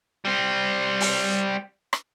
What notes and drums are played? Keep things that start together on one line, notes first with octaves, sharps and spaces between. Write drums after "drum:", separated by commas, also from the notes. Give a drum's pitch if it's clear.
G3 C4
drum: open hi-hat
drum: rim click